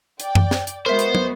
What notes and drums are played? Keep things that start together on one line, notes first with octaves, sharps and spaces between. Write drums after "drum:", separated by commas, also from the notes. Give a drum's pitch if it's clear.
D5 G5, drum: hi-hat
drum: tom F#2
drum: snare
drum: hi-hat
G#3 B3 F#4 A#4 C5 E5
drum: hi-hat
drum: tom